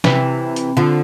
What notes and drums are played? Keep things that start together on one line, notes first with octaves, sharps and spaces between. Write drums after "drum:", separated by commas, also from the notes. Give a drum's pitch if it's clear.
C3 E3, drum: snare
drum: hi-hat
D3 F3